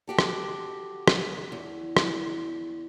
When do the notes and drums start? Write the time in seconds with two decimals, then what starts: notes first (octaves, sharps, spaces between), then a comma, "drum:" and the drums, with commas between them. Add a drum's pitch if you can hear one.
0.07 F#4 G4 A4
0.19 drum: rim click
1.08 drum: rim click
1.52 E2
1.97 drum: rim click